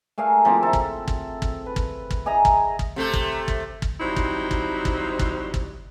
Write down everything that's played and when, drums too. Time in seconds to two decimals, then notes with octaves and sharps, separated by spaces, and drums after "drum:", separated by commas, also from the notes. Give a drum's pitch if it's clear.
0.18 A3 G#4 A#4 F5
0.45 F3 A#3 C4 A#5
0.63 A4 E5
0.73 drum: kick
1.08 drum: kick
1.42 drum: kick
1.66 B4
1.76 drum: kick
2.11 drum: kick
2.26 G#4 D#5 E5 A#5
2.45 drum: kick
2.79 drum: kick
2.96 C3 A3 A4
3.13 drum: kick
3.48 drum: kick
3.82 drum: kick
4.01 F#3 G3 C4 D#4 E4
4.16 drum: kick
4.51 drum: kick
4.85 drum: kick
5.19 drum: kick
5.54 drum: kick